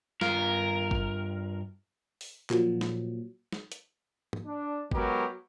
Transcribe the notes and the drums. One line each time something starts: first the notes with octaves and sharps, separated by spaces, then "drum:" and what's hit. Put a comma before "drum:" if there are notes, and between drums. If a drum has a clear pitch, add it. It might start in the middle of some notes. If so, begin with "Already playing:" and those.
G2 F4 A#4 F5, drum: snare
drum: kick G#1
drum: open hi-hat
A#2 F3 F#3, drum: clap
drum: snare
drum: snare
drum: hi-hat
drum: tom
D4
F#3 G#3 B3 G4 A#4, drum: kick G#1